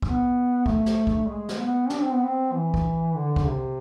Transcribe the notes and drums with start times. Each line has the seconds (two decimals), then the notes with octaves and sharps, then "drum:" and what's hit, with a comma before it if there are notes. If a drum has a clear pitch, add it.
0.02 B3, drum: kick
0.66 A3, drum: kick
0.86 drum: snare
1.07 drum: kick
1.27 G#3
1.49 drum: snare
1.59 B3
1.90 D4, drum: snare
2.02 C4
2.13 B3
2.24 C4
2.54 E3
2.74 drum: kick
3.15 D3
3.36 drum: kick
3.47 C3